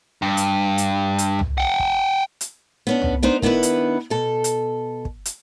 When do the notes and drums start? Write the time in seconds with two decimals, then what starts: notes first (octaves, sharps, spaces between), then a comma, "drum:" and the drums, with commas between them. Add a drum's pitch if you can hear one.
0.22 G2
0.37 drum: hi-hat
0.78 drum: hi-hat
1.19 drum: hi-hat
1.39 drum: tom C2
1.58 F#5 G5
1.80 drum: kick
2.41 drum: hi-hat
2.87 B3 C#4 D4
3.02 drum: tom C2
3.23 B3 D4 D#4 C5
3.42 D#3 B3 D4 E4 B4, drum: kick
3.63 drum: hi-hat
4.10 B2 A4
4.44 drum: hi-hat
5.05 drum: kick
5.25 drum: hi-hat